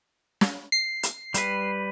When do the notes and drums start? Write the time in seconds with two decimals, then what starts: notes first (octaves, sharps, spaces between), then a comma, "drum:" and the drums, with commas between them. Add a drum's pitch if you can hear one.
0.41 drum: snare
0.72 C7
1.03 drum: hi-hat
1.34 G3 B4, drum: hi-hat